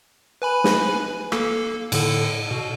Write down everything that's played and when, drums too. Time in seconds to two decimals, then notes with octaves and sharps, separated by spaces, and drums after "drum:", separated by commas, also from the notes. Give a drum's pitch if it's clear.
0.42 B4 G#5 B5
0.64 drum: snare
1.32 A#3 A4, drum: rim click
1.92 A2 D3 A4, drum: cymbal
2.51 B2